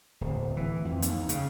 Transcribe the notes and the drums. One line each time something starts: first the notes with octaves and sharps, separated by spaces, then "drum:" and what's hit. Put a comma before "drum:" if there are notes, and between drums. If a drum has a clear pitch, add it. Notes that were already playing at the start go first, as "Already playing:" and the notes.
D1
E3
F2
D#2, drum: hi-hat
C#3, drum: hi-hat